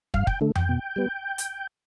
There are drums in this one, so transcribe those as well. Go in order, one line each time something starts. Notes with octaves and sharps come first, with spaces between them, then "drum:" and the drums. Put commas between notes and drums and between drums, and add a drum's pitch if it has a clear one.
G2 F5, drum: kick
G5, drum: kick
D3 A3
G5, drum: tom F2
B2
G3 B3
drum: hi-hat